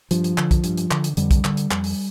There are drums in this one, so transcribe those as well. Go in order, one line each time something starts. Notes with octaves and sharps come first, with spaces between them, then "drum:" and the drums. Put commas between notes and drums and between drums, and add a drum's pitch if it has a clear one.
G2 F3, drum: hi-hat
drum: hi-hat
D3, drum: clap
drum: kick, hi-hat
G2, drum: hi-hat
drum: hi-hat
D3, drum: clap
drum: hi-hat
F2 D3 G3, drum: hi-hat
drum: kick, hi-hat
D3, drum: clap
drum: hi-hat
F2, drum: clap
drum: open hi-hat